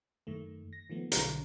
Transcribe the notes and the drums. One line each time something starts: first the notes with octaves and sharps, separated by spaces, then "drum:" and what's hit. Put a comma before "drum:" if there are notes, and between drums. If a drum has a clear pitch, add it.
F#2 D#3 A3
A#6
D#3 F3 A3 B3
B1 D3 F#3 C#4 A#5, drum: hi-hat